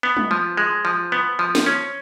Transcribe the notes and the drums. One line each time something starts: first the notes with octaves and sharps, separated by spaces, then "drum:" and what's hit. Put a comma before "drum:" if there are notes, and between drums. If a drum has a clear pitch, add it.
B3
drum: tom G3
F3
G#3
F3
B3
F3
drum: snare
C#4